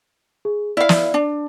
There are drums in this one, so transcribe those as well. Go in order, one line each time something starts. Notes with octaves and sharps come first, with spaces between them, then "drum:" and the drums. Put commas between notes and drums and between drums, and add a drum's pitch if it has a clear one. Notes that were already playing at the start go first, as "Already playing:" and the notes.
G#4
E4 D5 F5
drum: snare
D4